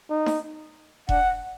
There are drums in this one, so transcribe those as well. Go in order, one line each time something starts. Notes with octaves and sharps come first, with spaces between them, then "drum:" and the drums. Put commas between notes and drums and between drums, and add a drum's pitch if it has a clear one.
D#4
drum: snare D#4
D4 F#5, drum: kick E1